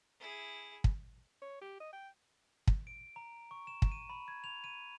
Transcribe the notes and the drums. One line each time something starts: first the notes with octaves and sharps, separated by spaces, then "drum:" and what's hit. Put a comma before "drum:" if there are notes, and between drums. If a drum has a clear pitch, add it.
E4 G#4
drum: kick
C#5
G4
D#5
G5
drum: kick
D7
A#5
C#6
E7
drum: kick
D#7
B5
G#6
F7
D#7